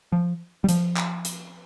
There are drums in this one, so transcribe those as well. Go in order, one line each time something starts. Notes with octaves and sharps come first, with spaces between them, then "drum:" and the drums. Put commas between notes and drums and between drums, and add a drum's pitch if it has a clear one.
F3
G3
F3, drum: hi-hat
drum: clap
drum: hi-hat